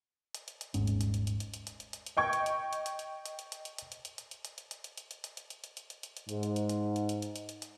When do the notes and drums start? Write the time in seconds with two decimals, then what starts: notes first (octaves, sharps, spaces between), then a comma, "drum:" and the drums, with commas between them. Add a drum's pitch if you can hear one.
0.35 drum: hi-hat
0.48 drum: hi-hat
0.61 drum: hi-hat
0.74 D#1 G#1 G#2 C#4, drum: hi-hat
0.87 drum: hi-hat
1.01 drum: hi-hat
1.14 drum: hi-hat
1.27 drum: hi-hat
1.40 drum: hi-hat
1.54 drum: hi-hat
1.67 drum: hi-hat
1.80 drum: hi-hat
1.93 drum: hi-hat
2.06 drum: hi-hat
2.17 D#5 G5 C#6 G#6
2.33 drum: hi-hat
2.46 drum: hi-hat
2.73 drum: hi-hat
2.86 drum: hi-hat
2.99 drum: hi-hat
3.26 drum: hi-hat
3.39 drum: hi-hat
3.52 drum: hi-hat
3.65 drum: hi-hat
3.78 drum: hi-hat
3.92 drum: hi-hat
4.05 drum: hi-hat
4.18 drum: hi-hat
4.31 drum: hi-hat
4.45 drum: hi-hat
4.58 drum: hi-hat
4.71 drum: hi-hat
4.84 drum: hi-hat
4.97 drum: hi-hat
5.11 drum: hi-hat
5.24 drum: hi-hat
5.37 drum: hi-hat
5.50 drum: hi-hat
5.64 drum: hi-hat
5.77 drum: hi-hat
5.90 drum: hi-hat
6.03 drum: hi-hat
6.17 drum: hi-hat
6.29 G#2, drum: hi-hat
6.43 drum: hi-hat
6.56 drum: hi-hat
6.69 drum: hi-hat
6.96 drum: hi-hat
7.09 drum: hi-hat
7.22 drum: hi-hat
7.36 drum: hi-hat
7.49 drum: hi-hat
7.62 drum: hi-hat